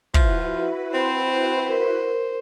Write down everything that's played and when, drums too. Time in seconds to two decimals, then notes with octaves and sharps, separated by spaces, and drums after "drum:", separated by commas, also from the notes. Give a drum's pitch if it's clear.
0.14 F3 E4 F#4 B4 E5, drum: kick
0.94 C4 C5 B5 C6
1.69 A#4